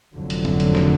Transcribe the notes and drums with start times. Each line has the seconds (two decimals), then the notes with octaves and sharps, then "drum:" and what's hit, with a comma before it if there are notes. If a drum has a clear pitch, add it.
0.15 F1 F2 D3 F#3
0.30 drum: hi-hat
0.45 drum: tom
0.60 drum: hi-hat
0.75 drum: snare